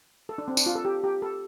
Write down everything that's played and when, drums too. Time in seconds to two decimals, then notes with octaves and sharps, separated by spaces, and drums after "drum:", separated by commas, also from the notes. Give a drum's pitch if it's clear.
0.29 A4
0.38 D4
0.48 C4
0.57 D4, drum: tambourine
0.66 F4
0.75 A4
0.85 G4
1.04 G4
1.22 A4